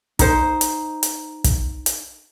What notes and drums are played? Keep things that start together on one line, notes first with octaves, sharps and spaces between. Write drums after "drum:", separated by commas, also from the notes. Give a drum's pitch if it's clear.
D#4 C5, drum: kick, hi-hat
drum: hi-hat
drum: hi-hat
drum: kick, hi-hat
drum: hi-hat